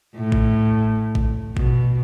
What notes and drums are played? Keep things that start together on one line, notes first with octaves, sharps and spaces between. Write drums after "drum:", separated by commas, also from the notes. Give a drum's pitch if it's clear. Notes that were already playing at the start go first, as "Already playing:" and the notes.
A2
drum: kick A1
drum: kick A1
B2, drum: kick A1